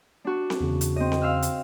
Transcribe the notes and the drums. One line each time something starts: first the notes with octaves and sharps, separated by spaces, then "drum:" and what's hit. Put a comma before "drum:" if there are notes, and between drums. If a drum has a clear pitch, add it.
D4 F#4
drum: snare C4
E2 C#3
drum: hi-hat
C4 D#5
drum: snare C4
F5 E6 F6
drum: hi-hat